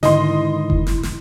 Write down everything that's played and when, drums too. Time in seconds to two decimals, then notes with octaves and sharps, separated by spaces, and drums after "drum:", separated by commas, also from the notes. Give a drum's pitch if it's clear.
0.03 G#2 D3 D#3 E4 D#5 C6, drum: snare
0.70 drum: kick F1
0.87 drum: snare
1.03 drum: snare